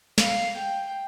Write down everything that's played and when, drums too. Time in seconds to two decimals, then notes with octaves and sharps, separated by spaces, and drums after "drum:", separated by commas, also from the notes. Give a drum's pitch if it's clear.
0.18 F5, drum: snare
0.56 G5